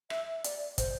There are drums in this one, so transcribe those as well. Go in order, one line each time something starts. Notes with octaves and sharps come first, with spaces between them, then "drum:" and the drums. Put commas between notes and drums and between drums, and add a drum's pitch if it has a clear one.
E5, drum: rim click
D5, drum: hi-hat
C5, drum: kick, hi-hat